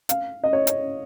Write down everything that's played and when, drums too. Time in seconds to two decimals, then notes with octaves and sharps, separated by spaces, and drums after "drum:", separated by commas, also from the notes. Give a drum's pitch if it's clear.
0.09 F5, drum: hi-hat
0.44 D#5
0.53 C#5
0.67 drum: hi-hat